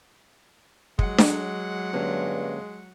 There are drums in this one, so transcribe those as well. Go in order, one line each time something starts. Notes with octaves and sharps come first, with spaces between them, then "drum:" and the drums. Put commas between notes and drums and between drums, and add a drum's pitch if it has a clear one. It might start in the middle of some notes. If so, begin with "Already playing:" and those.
F#3 G#3 F#5, drum: kick
drum: snare D4
G2 D3 G#3 A#3 C#4